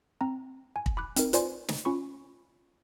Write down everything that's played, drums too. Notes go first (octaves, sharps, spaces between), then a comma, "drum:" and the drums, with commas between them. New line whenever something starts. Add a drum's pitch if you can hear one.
C4 A#5
G#5
drum: kick
B5 D6 F#6
C4 D#4 A#4, drum: hi-hat
F4 B4 C5 D5 G#5 C6, drum: hi-hat
drum: snare
C#4 F4 B5 C#6